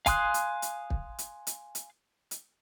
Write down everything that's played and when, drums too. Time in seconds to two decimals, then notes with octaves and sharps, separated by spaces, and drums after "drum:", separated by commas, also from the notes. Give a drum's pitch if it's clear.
0.06 F5 G#5 C6 D#6 F#6, drum: kick, hi-hat
0.34 drum: hi-hat
0.62 drum: hi-hat
0.90 drum: kick
1.19 drum: hi-hat
1.47 drum: hi-hat
1.75 drum: hi-hat
2.31 drum: hi-hat